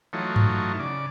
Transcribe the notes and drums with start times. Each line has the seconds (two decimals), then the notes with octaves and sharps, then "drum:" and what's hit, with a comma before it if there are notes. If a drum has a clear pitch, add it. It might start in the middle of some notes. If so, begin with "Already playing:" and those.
0.13 E3 F#3 A3 D#4 F4 C#5
0.36 drum: tom G2
0.79 C#3 D5